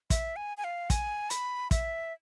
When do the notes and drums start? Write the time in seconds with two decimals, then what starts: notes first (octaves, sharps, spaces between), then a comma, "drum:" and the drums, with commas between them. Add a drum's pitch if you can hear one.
0.10 E5, drum: kick, hi-hat
0.36 G#5
0.57 G#5
0.64 F5
0.90 G#5, drum: kick, hi-hat
1.30 B5, drum: hi-hat
1.71 E5, drum: kick, hi-hat